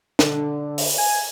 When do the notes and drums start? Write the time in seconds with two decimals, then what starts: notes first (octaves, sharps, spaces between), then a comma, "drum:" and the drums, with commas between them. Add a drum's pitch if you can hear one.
0.19 D3, drum: snare
0.78 drum: open hi-hat
0.98 G#5